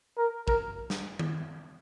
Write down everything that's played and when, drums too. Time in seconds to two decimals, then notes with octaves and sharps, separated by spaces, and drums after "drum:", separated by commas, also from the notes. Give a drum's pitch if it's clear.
0.18 A#4
0.48 A#4, drum: kick
0.90 drum: snare
1.19 drum: tom D#3